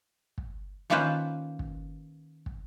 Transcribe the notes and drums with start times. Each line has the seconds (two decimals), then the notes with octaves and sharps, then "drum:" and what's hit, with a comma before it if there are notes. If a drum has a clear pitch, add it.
0.38 drum: kick
0.90 D#3 A#3 C#4 F4 B4 C5
1.59 drum: kick
2.46 drum: kick